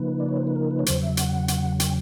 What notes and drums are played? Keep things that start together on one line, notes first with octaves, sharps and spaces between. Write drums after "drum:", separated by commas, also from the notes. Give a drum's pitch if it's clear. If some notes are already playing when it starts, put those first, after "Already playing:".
Already playing: C#3 F3 A#3 D#4 B4
D5
C#5
C5
B4
A#4
B4
C#5
E2 C#3 F#3 C5, drum: hi-hat
E5
F#5, drum: hi-hat
drum: hi-hat
G5, drum: hi-hat